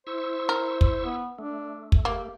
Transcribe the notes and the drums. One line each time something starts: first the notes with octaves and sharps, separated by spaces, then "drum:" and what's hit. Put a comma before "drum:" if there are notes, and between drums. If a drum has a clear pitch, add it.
E4 C5 C#6 E6
A#4
drum: kick
B3
A3 D4
drum: kick
A#3 G4